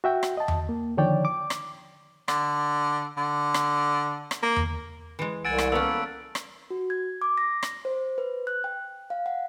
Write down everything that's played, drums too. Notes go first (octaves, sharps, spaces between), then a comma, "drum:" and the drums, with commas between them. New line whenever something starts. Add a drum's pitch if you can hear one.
F#4 E5 G5
drum: rim click
D#5 A5
drum: tom E2
A#3
D3 D#3 F3 C#5 D5 G5
D6
drum: rim click
D3, drum: rim click
D3
drum: rim click
drum: rim click
A#3
drum: tom E2
E3 G#3
C2 F#5 G#5 E6 A6 D7
drum: rim click
A#3 B3 C#4 A4 B4 E6
drum: rim click
F#4
G#6
D6
A#6
drum: rim click
C5
B4
F#6
G5
F5
F#5